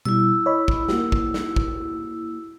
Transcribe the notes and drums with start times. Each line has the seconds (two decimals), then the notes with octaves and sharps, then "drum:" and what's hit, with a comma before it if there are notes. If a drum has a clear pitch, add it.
0.05 B2 G3 E4 E6
0.46 C#5 D#5 B5
0.68 drum: kick
0.88 A#3 F#4 G4, drum: snare
1.12 drum: kick
1.34 drum: snare
1.56 drum: kick